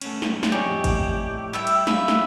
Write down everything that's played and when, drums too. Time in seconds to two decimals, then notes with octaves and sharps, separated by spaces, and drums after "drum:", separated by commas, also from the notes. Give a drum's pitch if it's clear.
0.01 A3 B3 C#4, drum: cymbal
0.22 drum: snare
0.43 drum: snare
0.52 G3 D#4 G4 G#4 C#5 D5 C#6
0.65 F2 A2
0.84 drum: kick G#1, cymbal
1.29 A2
1.53 G3 E4 E5 G5
1.67 drum: cymbal
1.87 E5 F5 B5, drum: snare
2.08 drum: snare